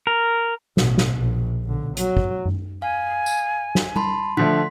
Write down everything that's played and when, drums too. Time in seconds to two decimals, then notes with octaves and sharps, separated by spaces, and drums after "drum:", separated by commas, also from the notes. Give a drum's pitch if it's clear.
0.07 A#4
0.77 A1 B2, drum: snare
0.98 drum: snare
1.15 A#1
1.64 B1 D3
1.97 F#3, drum: hi-hat
2.17 drum: kick
2.45 drum: tom F#2
2.82 F5 G#5
3.26 drum: tambourine
3.75 drum: snare
3.96 A5 B5 C6, drum: tom G3
4.37 D3 F3 A3 C6 B6